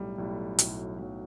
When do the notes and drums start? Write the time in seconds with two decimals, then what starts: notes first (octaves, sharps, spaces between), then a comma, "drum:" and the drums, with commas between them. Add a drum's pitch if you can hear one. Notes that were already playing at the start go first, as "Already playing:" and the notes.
Already playing: B1 A2 G3
0.18 B1 A2 G3
0.59 B1 A2 F#3, drum: hi-hat
0.99 B1 A2 F#3